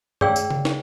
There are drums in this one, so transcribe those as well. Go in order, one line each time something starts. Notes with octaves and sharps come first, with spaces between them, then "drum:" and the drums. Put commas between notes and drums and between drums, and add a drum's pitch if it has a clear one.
G#4 C#5 D5 F5 G5 E6, drum: tom G2
drum: tambourine
drum: tom C#3
drum: snare